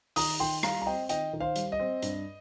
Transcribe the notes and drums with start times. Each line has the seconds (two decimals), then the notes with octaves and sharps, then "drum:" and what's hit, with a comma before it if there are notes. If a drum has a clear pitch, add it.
0.16 D#3 A#5 D#6, drum: open hi-hat
0.40 D#3 G5 C6
0.63 G3 F5 A#5, drum: rim click
0.82 A#5
0.86 C4 D#5 G5
1.09 D#3 D#5 G5, drum: hi-hat
1.33 D#3
1.40 C5 F5
1.56 G3, drum: hi-hat
1.72 D#5
1.80 C4
2.02 G2, drum: hi-hat